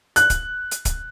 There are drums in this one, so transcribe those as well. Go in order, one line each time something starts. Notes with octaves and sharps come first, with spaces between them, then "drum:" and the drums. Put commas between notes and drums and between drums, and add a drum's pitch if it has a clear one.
F#6, drum: hi-hat
drum: kick, hi-hat
drum: hi-hat
drum: kick, hi-hat